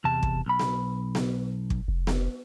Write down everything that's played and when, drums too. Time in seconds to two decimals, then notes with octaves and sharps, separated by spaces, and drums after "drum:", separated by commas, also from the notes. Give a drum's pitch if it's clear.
0.04 E2 C3 A5
0.23 drum: kick
0.46 B1 B5
0.60 drum: snare B3
1.15 drum: snare B3
1.70 drum: kick
1.88 F1
2.07 drum: snare B3